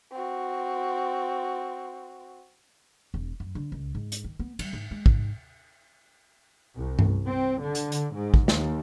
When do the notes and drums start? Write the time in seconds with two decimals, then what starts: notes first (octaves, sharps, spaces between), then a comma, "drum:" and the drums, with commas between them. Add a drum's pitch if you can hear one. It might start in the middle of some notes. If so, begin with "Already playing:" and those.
0.12 C4 F#4
3.14 E1
3.40 F#2
3.55 D3
3.72 C#2
3.95 G#2
4.12 drum: hi-hat
4.24 D#3
4.39 B3
4.59 G3, drum: cymbal
4.73 G#2
4.91 G#3
5.06 G#2, drum: kick
6.76 C2
6.99 drum: tom G2
7.26 C4
7.61 D3
7.75 drum: hi-hat
7.92 drum: hi-hat
8.13 G#2
8.34 drum: kick
8.48 D#2, drum: snare